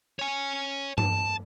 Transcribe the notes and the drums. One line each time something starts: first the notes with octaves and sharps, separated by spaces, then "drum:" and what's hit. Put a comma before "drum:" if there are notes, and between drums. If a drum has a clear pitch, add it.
C#5 G#5
A5, drum: tom G2